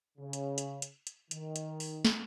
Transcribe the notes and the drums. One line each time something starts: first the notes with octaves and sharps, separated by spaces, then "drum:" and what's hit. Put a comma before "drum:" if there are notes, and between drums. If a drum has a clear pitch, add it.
C#3
drum: hi-hat
drum: hi-hat
drum: hi-hat
drum: hi-hat
D#3, drum: hi-hat
drum: hi-hat
drum: open hi-hat
drum: snare